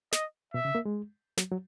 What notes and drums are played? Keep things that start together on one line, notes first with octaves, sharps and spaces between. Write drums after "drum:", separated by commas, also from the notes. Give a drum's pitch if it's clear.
D#5, drum: snare
B2 E5
C#3
A#3
G#3
F#3, drum: snare
F#3